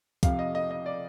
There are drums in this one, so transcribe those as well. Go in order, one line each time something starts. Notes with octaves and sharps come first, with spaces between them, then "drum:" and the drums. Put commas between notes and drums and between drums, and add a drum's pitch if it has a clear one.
F2 C3 F3 F5, drum: kick C2, hi-hat
D#5
D#5
D#5
D5